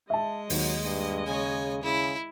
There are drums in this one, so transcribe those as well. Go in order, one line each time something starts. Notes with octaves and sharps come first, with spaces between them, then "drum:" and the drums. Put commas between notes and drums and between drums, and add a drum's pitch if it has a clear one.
G#3 D#5 E5 A5
D#2 F#3, drum: open hi-hat
G2
C#3 C#5 G#5
C#3 E4